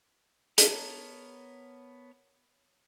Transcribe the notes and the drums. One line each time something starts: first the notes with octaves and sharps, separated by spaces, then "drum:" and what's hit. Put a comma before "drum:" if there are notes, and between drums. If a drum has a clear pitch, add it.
B3 A#4 C#5 A5 A#5, drum: hi-hat